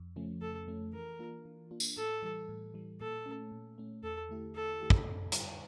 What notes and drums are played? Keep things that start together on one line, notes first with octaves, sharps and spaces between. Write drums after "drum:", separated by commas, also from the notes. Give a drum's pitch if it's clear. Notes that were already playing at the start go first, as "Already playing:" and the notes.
Already playing: F2
C#3 F3 A3 C#4
F2 A4
C#3 F3 A3 C#4
E3 A#4
A#3 D4 F4
E3
A#3 D4 F4
drum: tambourine
A2 A4
E3 G3
A2
E3 G3
A#2 A4
A3 C#4
A#2
A3 C#4
E2 A4
D3 A3 E4 G4
E2 A4
D3 A3 E4 G4
drum: kick
F2
D3 G3, drum: hi-hat